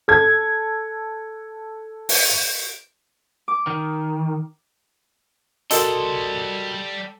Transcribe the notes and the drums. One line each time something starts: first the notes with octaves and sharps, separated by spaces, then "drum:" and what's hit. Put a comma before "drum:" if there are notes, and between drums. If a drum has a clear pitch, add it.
A4 G#6
drum: open hi-hat
D6
D#3
G3 F#4 A4 A#4 D#5 C6, drum: hi-hat